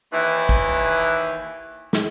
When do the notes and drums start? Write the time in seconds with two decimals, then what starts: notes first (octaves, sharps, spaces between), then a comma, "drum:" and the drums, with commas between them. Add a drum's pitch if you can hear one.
0.13 D#2 E3
0.49 drum: kick, hi-hat
1.93 drum: snare